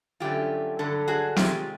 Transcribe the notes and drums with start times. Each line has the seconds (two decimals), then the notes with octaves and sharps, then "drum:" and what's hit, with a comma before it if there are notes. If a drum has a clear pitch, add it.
0.20 G2 D3 F#3 A3 C#4 F4 G4
0.79 G2 D3 F#3 A4
1.08 F#4 G#4
1.36 C3 D#3 G#3 C4 F4 G4, drum: snare